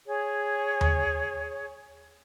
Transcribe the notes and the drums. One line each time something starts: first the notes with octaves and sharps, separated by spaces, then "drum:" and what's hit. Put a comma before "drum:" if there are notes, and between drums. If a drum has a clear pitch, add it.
G#4 C#5
drum: tom D#2